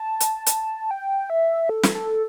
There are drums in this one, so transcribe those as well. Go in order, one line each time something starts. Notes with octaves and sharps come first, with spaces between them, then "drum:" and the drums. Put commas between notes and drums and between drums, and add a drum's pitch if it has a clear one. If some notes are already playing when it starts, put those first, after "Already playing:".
Already playing: A5
drum: hi-hat
drum: hi-hat
G5
E5
A4
drum: snare
A4